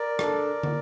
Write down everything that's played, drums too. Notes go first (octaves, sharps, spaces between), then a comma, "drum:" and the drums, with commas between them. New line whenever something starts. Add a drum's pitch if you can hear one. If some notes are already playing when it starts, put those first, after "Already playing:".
Already playing: A#4 D5
D4 A4, drum: rim click
drum: tom